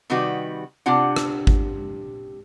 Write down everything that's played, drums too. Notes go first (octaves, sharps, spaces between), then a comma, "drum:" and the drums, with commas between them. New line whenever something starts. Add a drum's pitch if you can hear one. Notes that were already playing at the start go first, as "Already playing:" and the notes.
C3 D#3 G3 D#4 F#4 B4
C3 D4 F4 F#5
drum: rim click
drum: kick G#1